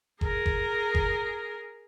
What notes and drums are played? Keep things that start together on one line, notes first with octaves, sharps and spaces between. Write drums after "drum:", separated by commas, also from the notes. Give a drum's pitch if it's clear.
G#4 A#4, drum: kick F#1
drum: kick F#1
drum: kick F#1